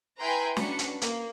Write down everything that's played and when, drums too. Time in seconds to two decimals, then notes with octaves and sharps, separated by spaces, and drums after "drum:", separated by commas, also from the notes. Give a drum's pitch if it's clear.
0.20 E4 B4 G5 G#5 A#5 C6
0.57 C#4 D4 F#4 B4 C#7, drum: snare
0.79 drum: hi-hat
1.01 A#3, drum: hi-hat